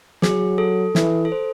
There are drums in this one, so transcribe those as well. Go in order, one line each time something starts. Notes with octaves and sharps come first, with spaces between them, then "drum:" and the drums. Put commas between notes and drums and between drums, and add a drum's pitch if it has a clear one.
F#3 G#4, drum: snare
A4
E3, drum: snare
A4
C5